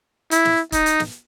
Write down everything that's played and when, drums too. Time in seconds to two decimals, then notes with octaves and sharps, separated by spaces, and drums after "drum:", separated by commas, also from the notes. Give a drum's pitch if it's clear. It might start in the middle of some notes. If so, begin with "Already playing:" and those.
0.31 E4, drum: hi-hat
0.45 drum: snare
0.72 D#4, drum: kick, hi-hat
0.86 drum: hi-hat
1.00 drum: snare